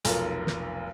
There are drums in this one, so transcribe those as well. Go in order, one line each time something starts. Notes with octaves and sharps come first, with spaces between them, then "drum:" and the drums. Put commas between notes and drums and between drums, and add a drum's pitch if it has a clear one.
F1 B1 F4 A4 A#4, drum: hi-hat
drum: snare